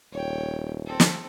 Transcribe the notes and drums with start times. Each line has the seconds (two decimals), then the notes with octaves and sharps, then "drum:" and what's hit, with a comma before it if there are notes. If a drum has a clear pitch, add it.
0.13 D#1 C#5 G5
0.86 C4 A4
1.00 drum: snare